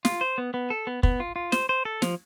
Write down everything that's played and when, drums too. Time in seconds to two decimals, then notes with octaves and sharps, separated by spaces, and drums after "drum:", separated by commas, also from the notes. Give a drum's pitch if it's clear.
0.05 F4, drum: snare
0.21 C5
0.38 B3
0.54 B3
0.70 A4
0.87 B3
1.03 B3, drum: kick
1.20 F4
1.36 F4
1.52 C5, drum: snare
1.69 C5
1.85 A4
2.02 F3, drum: snare